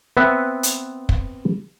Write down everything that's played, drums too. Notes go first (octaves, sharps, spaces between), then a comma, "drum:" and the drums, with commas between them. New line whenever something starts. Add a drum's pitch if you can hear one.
B3 C4 B4 E5 F#5
drum: hi-hat
drum: kick